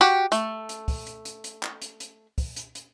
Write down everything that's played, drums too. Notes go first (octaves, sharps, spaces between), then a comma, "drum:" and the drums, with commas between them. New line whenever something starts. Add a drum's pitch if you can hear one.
F#4 G4 F#5 G5
A3, drum: hi-hat
drum: hi-hat
drum: kick, open hi-hat
drum: hi-hat
drum: hi-hat
drum: hi-hat
drum: clap
drum: hi-hat
drum: hi-hat
drum: kick, open hi-hat
drum: hi-hat
drum: hi-hat